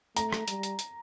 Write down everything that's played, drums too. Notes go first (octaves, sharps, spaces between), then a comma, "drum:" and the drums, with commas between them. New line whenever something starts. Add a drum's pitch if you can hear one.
A3 A#5, drum: hi-hat
drum: rim click
G3, drum: hi-hat
drum: hi-hat
drum: hi-hat